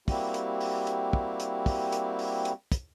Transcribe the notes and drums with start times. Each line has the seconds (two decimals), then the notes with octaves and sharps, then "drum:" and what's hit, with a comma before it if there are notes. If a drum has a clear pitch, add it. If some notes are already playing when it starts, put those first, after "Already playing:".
0.08 G3 A#3 C4 E4 F#4 G4, drum: kick, open hi-hat
0.34 drum: hi-hat
0.61 drum: open hi-hat
0.87 drum: hi-hat
1.13 drum: kick
1.40 drum: hi-hat
1.66 drum: kick, open hi-hat
1.92 drum: hi-hat
2.19 drum: open hi-hat
2.45 drum: hi-hat
2.72 drum: kick, hi-hat